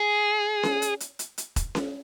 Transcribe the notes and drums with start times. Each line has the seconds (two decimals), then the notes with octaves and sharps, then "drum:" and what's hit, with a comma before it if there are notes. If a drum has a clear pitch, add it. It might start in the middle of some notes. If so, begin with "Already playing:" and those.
Already playing: G#4
0.63 drum: snare C#4
0.82 drum: hi-hat
1.00 drum: hi-hat
1.19 drum: hi-hat
1.38 drum: hi-hat
1.56 drum: kick E1, hi-hat
1.75 drum: snare C#4